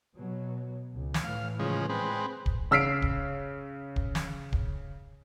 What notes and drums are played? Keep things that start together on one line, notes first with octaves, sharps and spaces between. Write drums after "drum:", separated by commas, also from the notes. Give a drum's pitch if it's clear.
B2 F#3
C#2
drum: snare
A2 E3 F5
C#3 F3 G#3
G#3 C4 B4
drum: kick
C#3 E6 F6 B6 C7 D7
drum: kick
drum: kick
drum: snare
drum: kick